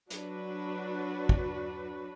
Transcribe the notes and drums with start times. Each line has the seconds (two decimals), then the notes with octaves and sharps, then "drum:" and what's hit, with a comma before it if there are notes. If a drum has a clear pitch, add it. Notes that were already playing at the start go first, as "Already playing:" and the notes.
0.10 F#3 D4 F#4 B4, drum: hi-hat
1.29 drum: kick